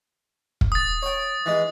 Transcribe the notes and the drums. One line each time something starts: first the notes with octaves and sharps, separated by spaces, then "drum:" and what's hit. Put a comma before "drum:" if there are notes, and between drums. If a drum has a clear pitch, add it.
drum: kick
D#6 A6
C#5 G5
E3 G#3